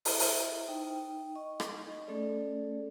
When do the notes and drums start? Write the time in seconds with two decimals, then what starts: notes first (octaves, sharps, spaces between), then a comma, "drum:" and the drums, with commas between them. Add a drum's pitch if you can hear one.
0.05 E4 C5 E5, drum: open hi-hat
0.19 drum: open hi-hat
0.68 D#4 G5
1.35 D#5 C#6
1.60 drum: rim click
2.07 A3 C#4 G#4 A4 D5